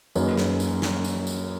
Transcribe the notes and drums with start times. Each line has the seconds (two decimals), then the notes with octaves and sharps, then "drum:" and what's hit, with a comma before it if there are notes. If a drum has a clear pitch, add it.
0.15 F#2 A#3 D#4 G#4 B4, drum: tambourine
0.38 drum: snare
0.60 drum: tambourine
0.82 drum: snare
1.04 drum: tambourine
1.27 drum: tambourine